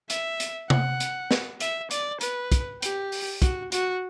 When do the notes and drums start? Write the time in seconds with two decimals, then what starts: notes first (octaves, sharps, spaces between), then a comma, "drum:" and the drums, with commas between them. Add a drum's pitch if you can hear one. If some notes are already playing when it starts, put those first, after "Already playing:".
0.10 E5, drum: hi-hat
0.40 drum: hi-hat
0.70 F#5, drum: tom C3
1.00 drum: hi-hat
1.31 drum: snare
1.60 E5, drum: hi-hat
1.91 D5, drum: hi-hat
2.21 B4, drum: hi-hat
2.52 drum: kick, hi-hat
2.82 G4, drum: hi-hat
3.12 drum: open hi-hat
3.42 F#4, drum: kick, hi-hat
3.72 F#4, drum: hi-hat